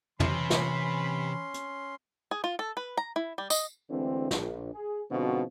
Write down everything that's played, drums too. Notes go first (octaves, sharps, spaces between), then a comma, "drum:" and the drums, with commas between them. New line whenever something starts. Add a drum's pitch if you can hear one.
C3 E3 C#4 B5 C6, drum: tom
drum: snare
drum: hi-hat
G#4
F4
A4
B4
A#5
E4
G3
D#5, drum: tambourine
D2 D3 E3 G#3 C4
A#1, drum: snare
G#4
G#2 B2 D3 F3 C4 F#4